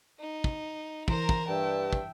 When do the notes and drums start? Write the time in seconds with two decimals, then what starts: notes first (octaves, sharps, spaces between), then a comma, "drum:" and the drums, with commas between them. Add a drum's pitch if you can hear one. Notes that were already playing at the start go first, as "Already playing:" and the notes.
0.20 D#4
0.44 drum: kick
1.08 E3 A#4 C5 A#5 D7, drum: kick
1.29 drum: kick
1.48 G2 E5 G5 A5
1.93 drum: kick